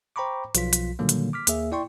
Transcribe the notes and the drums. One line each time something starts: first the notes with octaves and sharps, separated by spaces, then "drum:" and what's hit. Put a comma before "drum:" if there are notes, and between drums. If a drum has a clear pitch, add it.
C5 G5 A#5 B5 C#6 D6
B1 F3 F4 B6, drum: hi-hat
drum: hi-hat
A#2 D3 D#3 F#3 G3 A#3
drum: hi-hat
D6 F6 B6
D#2 A#3 G#4 E5, drum: hi-hat
E4 D5 G5 C6 C#6